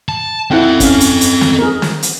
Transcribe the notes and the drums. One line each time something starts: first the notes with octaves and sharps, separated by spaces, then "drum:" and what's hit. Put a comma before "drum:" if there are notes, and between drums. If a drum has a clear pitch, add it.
A5
C4 E4 A4 F#5 G5
C#4 F5, drum: kick, hi-hat
drum: hi-hat
drum: hi-hat
drum: snare
G#4 A#4
drum: snare
drum: hi-hat